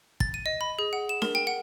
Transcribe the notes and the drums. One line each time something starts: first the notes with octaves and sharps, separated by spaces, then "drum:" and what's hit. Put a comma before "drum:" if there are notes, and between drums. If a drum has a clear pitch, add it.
A6, drum: kick
D#7
D#5
B5
G#4
F#5
E7
A#4, drum: snare D4
G5
F#5